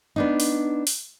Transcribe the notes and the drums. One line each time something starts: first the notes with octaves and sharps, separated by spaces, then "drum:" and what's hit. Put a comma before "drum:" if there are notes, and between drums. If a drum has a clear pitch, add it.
B3 D4 D#4
drum: open hi-hat
drum: open hi-hat